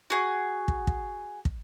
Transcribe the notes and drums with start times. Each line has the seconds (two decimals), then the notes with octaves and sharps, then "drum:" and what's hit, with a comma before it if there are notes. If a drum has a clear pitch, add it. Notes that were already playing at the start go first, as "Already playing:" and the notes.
0.10 F#4 G#4
0.68 drum: kick
0.87 drum: kick
1.45 drum: kick